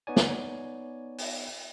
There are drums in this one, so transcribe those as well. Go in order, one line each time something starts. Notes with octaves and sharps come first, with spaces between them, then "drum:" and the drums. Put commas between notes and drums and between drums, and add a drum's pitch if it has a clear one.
B3 D#4 C#5 D5 G#5
drum: snare
drum: open hi-hat